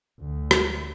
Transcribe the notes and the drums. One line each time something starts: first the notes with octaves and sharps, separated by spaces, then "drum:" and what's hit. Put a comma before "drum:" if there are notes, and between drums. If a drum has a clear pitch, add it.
D2
drum: rim click